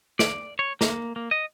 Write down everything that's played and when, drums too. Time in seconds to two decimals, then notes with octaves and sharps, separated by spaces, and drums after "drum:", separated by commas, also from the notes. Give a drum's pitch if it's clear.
0.19 D5, drum: snare
0.59 C#5
0.81 A#3, drum: snare
1.16 A#3
1.31 D#5